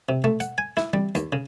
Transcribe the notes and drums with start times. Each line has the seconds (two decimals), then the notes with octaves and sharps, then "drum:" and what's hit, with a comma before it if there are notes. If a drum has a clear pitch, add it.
0.09 C3
0.24 A3, drum: tom B2
0.40 F#5, drum: hi-hat
0.58 G#5
0.77 E4, drum: snare
0.93 G3, drum: tom E3
1.15 D#2, drum: hi-hat
1.32 C#3